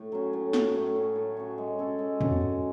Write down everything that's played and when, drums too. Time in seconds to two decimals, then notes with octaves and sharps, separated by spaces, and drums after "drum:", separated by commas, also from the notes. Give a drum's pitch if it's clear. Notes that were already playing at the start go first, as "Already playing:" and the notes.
Already playing: A2
0.12 F#3 C#4
0.33 A2
0.53 F#3 C#4, drum: snare
0.74 A2
0.96 F#3 C#4
1.15 A2
1.37 F#3 C#4
1.58 G#3
1.79 C#4 F#4 A4
1.99 G#3
2.21 C#4 F#4 A4, drum: tom E2
2.40 G#3